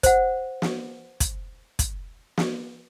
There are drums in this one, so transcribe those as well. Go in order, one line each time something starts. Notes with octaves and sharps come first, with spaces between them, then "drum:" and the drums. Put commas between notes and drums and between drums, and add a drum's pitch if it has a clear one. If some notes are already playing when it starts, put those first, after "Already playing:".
C5 F#5, drum: kick, hi-hat
drum: snare
drum: kick, hi-hat
drum: kick, hi-hat
drum: snare